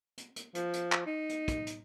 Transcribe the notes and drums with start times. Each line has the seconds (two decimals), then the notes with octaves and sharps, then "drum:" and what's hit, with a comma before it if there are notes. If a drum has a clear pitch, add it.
0.17 drum: hi-hat
0.36 drum: hi-hat
0.55 F3, drum: hi-hat
0.73 drum: hi-hat
0.92 drum: clap
1.06 D#4
1.29 drum: hi-hat
1.48 drum: kick, hi-hat
1.67 drum: hi-hat